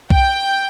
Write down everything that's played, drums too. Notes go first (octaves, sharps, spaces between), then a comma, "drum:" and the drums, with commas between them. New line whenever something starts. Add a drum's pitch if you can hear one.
G5, drum: kick B1